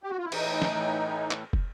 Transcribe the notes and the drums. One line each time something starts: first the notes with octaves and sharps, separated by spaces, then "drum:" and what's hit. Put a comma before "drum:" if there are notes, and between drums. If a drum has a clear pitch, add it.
G4
F#4
F4
E4
A2 E3 D#4, drum: cymbal
drum: snare
drum: clap
drum: kick